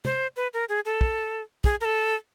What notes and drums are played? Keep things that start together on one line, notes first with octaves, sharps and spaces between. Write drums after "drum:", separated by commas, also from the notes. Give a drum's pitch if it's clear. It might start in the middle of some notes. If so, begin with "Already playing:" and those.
C5, drum: tom
B4
A#4
G#4
A4
drum: kick
G#4, drum: kick
A#4
A4